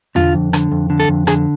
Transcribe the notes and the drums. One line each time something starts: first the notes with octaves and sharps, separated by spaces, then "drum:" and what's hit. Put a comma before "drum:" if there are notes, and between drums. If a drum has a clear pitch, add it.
D3 F4, drum: tom E2
F2
D3, drum: rim click
F2
D3
A4
F2
D3 G#4, drum: rim click